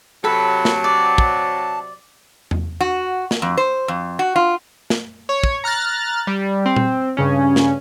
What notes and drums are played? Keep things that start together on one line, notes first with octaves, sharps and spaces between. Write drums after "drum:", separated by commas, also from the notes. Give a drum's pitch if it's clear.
C3 F#3 A4 B4 A5
drum: snare
D5
drum: kick
drum: tom E2
F#4
drum: snare
F2
C5
F2
F#4
F4
drum: snare
C#5
drum: kick
A#5 F6 F#6 A6
G3
C4
drum: tom A#2
G2 C#3 C#4
drum: snare